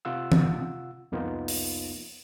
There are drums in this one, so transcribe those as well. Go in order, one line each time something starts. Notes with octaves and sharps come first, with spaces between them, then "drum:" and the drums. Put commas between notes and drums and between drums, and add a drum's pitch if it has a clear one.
C3 F4 F#5 E6
drum: tom E3
C2 F2 A#3 B3 D#4 F4
drum: open hi-hat